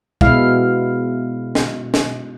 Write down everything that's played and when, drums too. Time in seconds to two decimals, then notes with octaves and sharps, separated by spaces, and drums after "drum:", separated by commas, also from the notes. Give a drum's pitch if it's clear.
0.21 B2 G#3 E4 F5, drum: kick
1.55 drum: snare
1.94 drum: snare